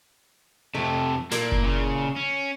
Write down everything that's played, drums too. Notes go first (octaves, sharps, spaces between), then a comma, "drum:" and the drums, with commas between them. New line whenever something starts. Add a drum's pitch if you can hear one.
F2 C3 A3
A#2 A#3 D4 E4, drum: snare
drum: kick F#1
C#3
C#4